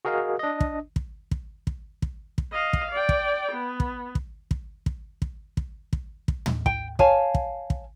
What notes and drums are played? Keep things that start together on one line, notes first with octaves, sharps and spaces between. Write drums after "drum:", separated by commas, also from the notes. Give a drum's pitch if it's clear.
F#4 G#4 A#4 D#5 F5
D4 D#5
drum: kick
drum: kick
drum: kick
drum: kick
drum: kick
drum: kick
D#5 F5
drum: kick
D5 G5
drum: kick
B3
drum: kick
drum: kick
drum: kick
drum: kick
drum: kick
drum: kick
drum: kick
drum: kick
drum: tom
G5, drum: kick
C#5 F5 G#5 A5, drum: kick
drum: kick
drum: kick